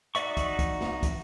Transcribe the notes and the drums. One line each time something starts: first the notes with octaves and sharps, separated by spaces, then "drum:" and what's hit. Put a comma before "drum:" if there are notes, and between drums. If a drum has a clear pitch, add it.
D#4 F#4 D5 E5 C#6, drum: hi-hat
drum: kick, hi-hat
drum: kick, hi-hat
drum: snare
drum: kick, hi-hat